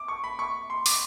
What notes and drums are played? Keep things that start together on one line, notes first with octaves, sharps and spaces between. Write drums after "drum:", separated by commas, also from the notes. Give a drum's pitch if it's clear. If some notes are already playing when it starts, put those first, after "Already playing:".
Already playing: D6
C#6
B5
C#6
C6
D6, drum: open hi-hat